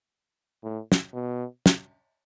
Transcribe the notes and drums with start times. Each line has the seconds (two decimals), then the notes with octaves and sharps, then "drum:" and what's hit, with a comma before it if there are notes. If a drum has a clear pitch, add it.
0.64 A2
0.92 drum: snare
1.14 B2
1.66 drum: snare